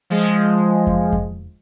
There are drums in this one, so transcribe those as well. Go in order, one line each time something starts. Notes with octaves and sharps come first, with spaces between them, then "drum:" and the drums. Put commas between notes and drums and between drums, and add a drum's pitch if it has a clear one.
F3 G#3
drum: kick F2
drum: kick F2